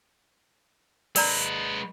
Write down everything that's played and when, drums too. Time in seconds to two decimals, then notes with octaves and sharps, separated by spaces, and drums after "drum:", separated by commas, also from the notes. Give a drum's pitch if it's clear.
1.16 G#3 A#4 B4 D5 A#5, drum: open hi-hat